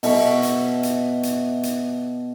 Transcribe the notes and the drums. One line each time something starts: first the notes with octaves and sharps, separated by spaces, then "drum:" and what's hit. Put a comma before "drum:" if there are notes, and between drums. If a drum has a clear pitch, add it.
B2 E5 C#6, drum: open hi-hat
drum: hi-hat
drum: hi-hat
drum: hi-hat
drum: hi-hat